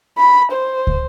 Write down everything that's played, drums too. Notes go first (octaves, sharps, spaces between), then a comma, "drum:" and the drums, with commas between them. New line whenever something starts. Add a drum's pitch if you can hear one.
B5
C5
drum: kick